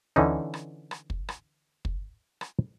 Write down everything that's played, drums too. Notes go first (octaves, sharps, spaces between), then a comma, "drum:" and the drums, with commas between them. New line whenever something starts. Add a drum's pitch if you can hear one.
D3 E3 C#4 D#4, drum: tom D2
drum: rim click
drum: rim click
drum: kick
drum: rim click
drum: kick
drum: rim click